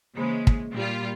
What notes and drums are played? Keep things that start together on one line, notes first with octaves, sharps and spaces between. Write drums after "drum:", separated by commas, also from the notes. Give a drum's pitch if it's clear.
C#3 E3 G#3 A#3 C5 B5
drum: kick
A#2 G3 F4